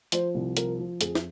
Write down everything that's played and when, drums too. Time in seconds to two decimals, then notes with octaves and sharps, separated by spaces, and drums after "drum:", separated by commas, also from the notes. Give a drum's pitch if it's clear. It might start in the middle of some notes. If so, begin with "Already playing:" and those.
0.12 F3 C5, drum: hi-hat
0.35 C2
0.57 F3 A#4, drum: hi-hat
0.79 F3
1.01 F2 G#4, drum: hi-hat
1.15 drum: snare